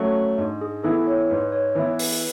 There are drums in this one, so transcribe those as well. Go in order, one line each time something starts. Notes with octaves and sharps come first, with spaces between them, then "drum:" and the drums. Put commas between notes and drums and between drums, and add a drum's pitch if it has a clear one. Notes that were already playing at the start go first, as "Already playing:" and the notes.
Already playing: F#3 A3 C#4
G#2 D4
G#4
E3 B3 E4 A4
C#5
G#2 B4
C#5
E3 B3 E4 B4
B4, drum: open hi-hat